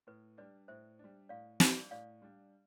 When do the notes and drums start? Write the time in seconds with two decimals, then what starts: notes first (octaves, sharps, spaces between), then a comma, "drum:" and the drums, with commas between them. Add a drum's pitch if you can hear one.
0.07 A2 B4
0.37 G3 D4 B4 D5
0.68 A2 C5 E5
0.99 G3 D4
1.29 A2 D5 F5
1.60 G3 D4, drum: snare
1.91 A2 D5 F5
2.22 G3 D4